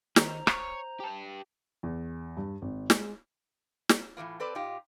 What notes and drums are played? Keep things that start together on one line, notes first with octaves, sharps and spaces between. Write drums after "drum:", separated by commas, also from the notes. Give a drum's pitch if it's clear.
D#3 C5 A#5, drum: snare
C#5, drum: rim click
G4 A5
E2
G2
G#1
G#3, drum: snare
drum: snare
A2 E3 A#3 F4
C4 A4 B4 D5
A#2 D#4 F4 G4